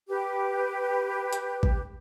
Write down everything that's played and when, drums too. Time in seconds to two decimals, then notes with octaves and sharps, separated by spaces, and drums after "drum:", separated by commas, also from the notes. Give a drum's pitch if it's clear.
0.09 G4 B4
1.33 drum: hi-hat
1.63 drum: kick A1